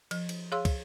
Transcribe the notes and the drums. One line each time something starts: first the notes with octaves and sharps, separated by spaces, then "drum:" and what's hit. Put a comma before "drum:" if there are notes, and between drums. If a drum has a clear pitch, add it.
F3, drum: cymbal
drum: cymbal
G#4 C#5 F5 C6 E6
drum: kick, cymbal